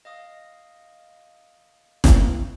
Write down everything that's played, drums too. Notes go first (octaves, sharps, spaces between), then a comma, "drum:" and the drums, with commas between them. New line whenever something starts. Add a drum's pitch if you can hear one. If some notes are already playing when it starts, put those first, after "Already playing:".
D#5 F5 D#6
drum: snare